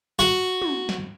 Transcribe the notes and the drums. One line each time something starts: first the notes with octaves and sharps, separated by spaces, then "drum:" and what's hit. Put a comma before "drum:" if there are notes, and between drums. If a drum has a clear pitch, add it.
F#4
drum: tom
drum: snare